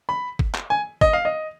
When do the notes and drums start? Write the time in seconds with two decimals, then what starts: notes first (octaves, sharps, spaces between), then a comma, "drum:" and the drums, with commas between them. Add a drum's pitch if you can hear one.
0.09 B5
0.39 drum: kick G#1
0.55 drum: clap
0.70 G#5
1.01 D#5, drum: kick G#1
1.13 F5
1.25 D#5